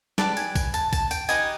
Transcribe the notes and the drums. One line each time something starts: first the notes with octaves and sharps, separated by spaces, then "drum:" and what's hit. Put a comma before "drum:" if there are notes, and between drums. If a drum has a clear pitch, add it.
G4 B4 D5 A5, drum: snare
G#5, drum: tambourine
G#5, drum: kick A#1, tambourine
A5, drum: tambourine
A5, drum: kick A#1, tambourine
G5, drum: tambourine
D#4 G4 B4 D#5 G#5, drum: tambourine